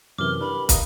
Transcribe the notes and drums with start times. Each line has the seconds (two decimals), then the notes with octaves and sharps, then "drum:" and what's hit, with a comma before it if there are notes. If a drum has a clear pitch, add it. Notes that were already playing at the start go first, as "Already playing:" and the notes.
0.18 F#2 C3 E3 A#4 D6 F6
0.41 G2 D4 B5
0.69 D#5 F5 A#5, drum: kick, hi-hat